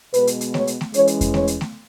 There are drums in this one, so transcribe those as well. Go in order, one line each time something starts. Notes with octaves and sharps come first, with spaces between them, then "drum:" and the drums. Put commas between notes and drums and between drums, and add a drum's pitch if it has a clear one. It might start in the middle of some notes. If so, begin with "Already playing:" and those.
B2 G#3 B3 B4, drum: hi-hat
drum: hi-hat
drum: hi-hat
C#5, drum: snare A3
drum: hi-hat
drum: snare A3
E3 G#3 C#4 C#5, drum: hi-hat
drum: hi-hat
drum: kick E2, hi-hat
C#5, drum: snare A3
drum: hi-hat
drum: snare A3